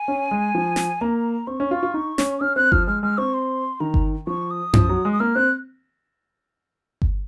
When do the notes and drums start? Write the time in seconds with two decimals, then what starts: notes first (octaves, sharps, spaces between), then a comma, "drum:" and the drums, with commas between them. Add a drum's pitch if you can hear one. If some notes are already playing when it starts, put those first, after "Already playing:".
Already playing: G#5
0.08 C#4
0.31 G#3
0.55 F3
0.76 drum: snare
1.01 A#3 A#5
1.47 C4 C#6
1.60 C#4
1.71 F4
1.83 F4
1.94 D#4
2.18 C#4, drum: snare
2.41 C#4 F6
2.56 C4 F#6
2.72 F3 F6, drum: kick G1
2.87 G#3 F6
3.03 G#3 F6
3.18 C4 C#6
3.34 C6
3.80 D#3 A#5
3.94 drum: kick G1
4.27 F3 C#6
4.51 D#6
4.73 F3, drum: tom F#2
4.89 F#3
5.05 G#3
5.13 D#6
5.20 A#3 F6
5.35 C4 F#6
7.02 drum: kick G1